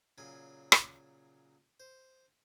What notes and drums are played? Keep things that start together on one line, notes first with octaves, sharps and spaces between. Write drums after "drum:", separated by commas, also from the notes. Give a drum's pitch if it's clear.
A#2 C#3 F#3 G#5
drum: rim click
C5